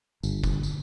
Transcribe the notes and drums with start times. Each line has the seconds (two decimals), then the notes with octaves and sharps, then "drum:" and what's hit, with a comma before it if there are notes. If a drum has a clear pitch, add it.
0.23 G1, drum: tambourine
0.44 drum: kick, tambourine
0.63 drum: tambourine